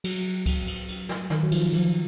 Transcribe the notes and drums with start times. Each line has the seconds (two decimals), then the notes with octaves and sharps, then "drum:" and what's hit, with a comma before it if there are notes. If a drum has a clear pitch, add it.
0.04 F#3, drum: cymbal
0.46 drum: kick, cymbal
0.67 drum: cymbal
0.88 drum: cymbal
1.09 drum: snare
1.30 D#3, drum: snare
1.43 F#3
1.52 F3, drum: cymbal
1.73 F3, drum: cymbal